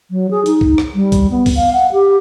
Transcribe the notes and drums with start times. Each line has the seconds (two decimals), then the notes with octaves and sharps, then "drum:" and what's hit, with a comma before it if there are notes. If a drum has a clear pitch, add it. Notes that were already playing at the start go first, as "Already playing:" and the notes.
0.11 F#3
0.31 G#4
0.46 D#4, drum: hi-hat
0.61 drum: kick C#2
0.78 drum: rim click
0.95 G3
1.12 drum: kick C#2, hi-hat
1.31 B3
1.46 drum: kick C#2, open hi-hat
1.56 F5
1.73 F#5
1.93 G4